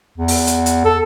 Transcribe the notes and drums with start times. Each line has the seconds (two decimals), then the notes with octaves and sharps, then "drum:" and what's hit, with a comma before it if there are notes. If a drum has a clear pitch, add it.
0.18 E2
0.28 drum: open hi-hat
0.47 drum: hi-hat
0.66 drum: hi-hat
0.85 A4